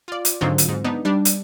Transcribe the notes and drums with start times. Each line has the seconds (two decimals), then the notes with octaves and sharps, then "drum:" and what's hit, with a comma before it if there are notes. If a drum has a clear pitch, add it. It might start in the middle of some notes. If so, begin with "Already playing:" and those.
0.08 F4 D5
0.25 drum: hi-hat
0.41 G#2 D3 D#3 F#3 C4 F4
0.58 drum: hi-hat
0.68 G#2
0.84 B3 D4 D#4
1.05 G3 D4
1.25 drum: hi-hat